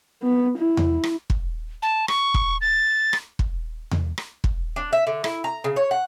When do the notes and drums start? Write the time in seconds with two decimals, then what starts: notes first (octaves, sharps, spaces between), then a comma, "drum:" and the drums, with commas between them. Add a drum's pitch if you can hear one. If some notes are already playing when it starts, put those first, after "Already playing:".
0.23 B3
0.58 E4
0.77 drum: tom E2
1.04 drum: rim click
1.30 drum: kick
1.82 A5
2.08 C#6, drum: rim click
2.34 drum: kick
2.61 A6
3.13 drum: rim click
3.39 drum: kick
3.91 drum: tom E2
4.18 drum: rim click
4.44 drum: kick
4.76 D4
4.93 E5
5.07 D3
5.24 E4, drum: rim click
5.44 A#5
5.64 C#3
5.76 C#5
5.91 F#5